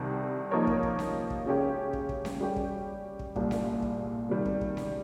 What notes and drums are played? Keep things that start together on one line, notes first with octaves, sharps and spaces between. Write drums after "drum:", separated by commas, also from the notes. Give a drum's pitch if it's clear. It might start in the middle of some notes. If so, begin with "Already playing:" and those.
Already playing: C2 C3 D#3 G3
F3 A#3 D#4 A#4 C#5
drum: kick
drum: kick
drum: snare C#4
drum: kick
C#3 G#3 C#4 G4 C#5
drum: kick
drum: kick
drum: snare C#4
G3 C#4 G4
drum: kick
drum: kick
C2 A#2 G3, drum: kick
drum: snare C#4
drum: kick
C3 D#3 G3
drum: kick
drum: kick
drum: snare C#4